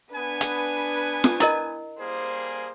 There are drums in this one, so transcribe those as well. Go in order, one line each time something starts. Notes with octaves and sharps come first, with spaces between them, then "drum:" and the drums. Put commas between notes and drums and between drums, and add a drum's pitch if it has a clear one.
B3 D4 B4 G#5
drum: hi-hat
drum: snare F4
E4 A#4 D#5, drum: hi-hat
G3 A#3 G#4 C5